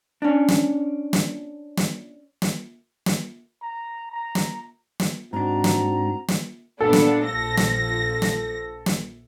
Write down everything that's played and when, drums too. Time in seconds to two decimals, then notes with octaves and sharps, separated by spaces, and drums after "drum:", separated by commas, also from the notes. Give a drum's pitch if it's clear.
0.22 C#4 D4
0.48 drum: snare
1.13 drum: snare
1.77 drum: snare
2.42 drum: snare
3.06 drum: snare
3.62 A#5
4.12 A#5
4.35 drum: snare
5.00 drum: snare
5.33 G#2 C4 D4 F#4 A#5
5.64 drum: snare
6.28 drum: snare
6.81 A#2 B3 D4 A4
6.93 drum: snare
7.25 A#1 F3 A#6
7.57 drum: snare
8.22 drum: snare
8.86 drum: snare